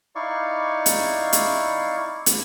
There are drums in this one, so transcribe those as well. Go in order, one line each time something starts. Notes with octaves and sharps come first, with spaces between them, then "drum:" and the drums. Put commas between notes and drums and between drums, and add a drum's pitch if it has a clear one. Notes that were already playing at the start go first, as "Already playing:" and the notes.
D#4 E4 D5 F5 C#6
drum: hi-hat
drum: hi-hat
drum: hi-hat